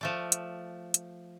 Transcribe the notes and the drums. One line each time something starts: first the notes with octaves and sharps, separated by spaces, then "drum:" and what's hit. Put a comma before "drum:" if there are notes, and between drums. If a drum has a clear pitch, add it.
F3 A3 D5
drum: hi-hat
drum: hi-hat